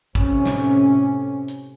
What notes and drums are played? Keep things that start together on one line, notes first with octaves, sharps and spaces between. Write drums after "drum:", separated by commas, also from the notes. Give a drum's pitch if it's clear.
A2 C3 C#4, drum: kick
drum: snare
drum: hi-hat